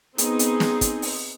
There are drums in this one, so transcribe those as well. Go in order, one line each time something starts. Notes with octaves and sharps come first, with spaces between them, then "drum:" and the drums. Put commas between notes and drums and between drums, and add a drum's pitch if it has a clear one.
B3 C4 D#4 G#4, drum: hi-hat
drum: hi-hat
drum: snare
drum: kick, hi-hat
drum: open hi-hat